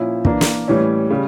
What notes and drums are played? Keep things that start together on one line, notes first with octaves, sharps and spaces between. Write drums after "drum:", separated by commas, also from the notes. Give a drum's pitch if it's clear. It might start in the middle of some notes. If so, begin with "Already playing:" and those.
Already playing: A#2 F3 C#4 E4
E3 A#3 D4, drum: kick
drum: snare
A2 E3 G3 C#4
C#3 G3 C#4